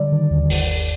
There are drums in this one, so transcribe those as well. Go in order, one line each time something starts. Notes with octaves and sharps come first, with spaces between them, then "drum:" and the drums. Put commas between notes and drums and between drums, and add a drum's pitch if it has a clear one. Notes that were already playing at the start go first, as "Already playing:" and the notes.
Already playing: D3 G3 D5
D#3
D#2
G1, drum: open hi-hat
G1